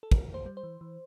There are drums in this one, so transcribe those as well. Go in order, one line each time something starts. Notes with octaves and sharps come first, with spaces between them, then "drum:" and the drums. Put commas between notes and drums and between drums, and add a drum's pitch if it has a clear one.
A4
E3 A#4, drum: kick
F2
C5
G3
C5
E3
E3